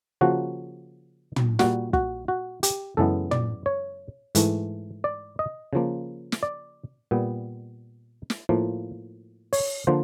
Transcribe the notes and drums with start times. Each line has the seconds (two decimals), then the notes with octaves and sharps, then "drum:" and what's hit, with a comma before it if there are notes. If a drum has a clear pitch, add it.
0.21 C#3 F3 A#3 F#4
1.36 drum: tom
1.59 A#2 G3 A#3 F#4, drum: snare
1.93 F#4, drum: kick
2.28 F#4
2.63 G4, drum: hi-hat
2.97 F#2 C#3 E3 G#3 B3 A4
3.31 D5, drum: tom
3.66 C#5
4.35 G#2 E3 A3, drum: hi-hat
5.04 D5
5.39 D#5
5.73 C#3 F3 A#3
6.32 drum: snare
6.43 D5
7.11 A#2 G3 B3
8.30 drum: snare
8.49 A2 F3 A#3
9.53 C#5, drum: open hi-hat
9.87 D3 F3 A#3 C5